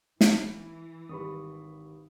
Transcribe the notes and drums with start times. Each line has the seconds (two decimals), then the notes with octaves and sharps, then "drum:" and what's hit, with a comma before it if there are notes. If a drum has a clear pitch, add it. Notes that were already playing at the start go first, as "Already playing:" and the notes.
0.21 E3, drum: snare
1.09 G#1 G3 B4 B5 C#6 D#6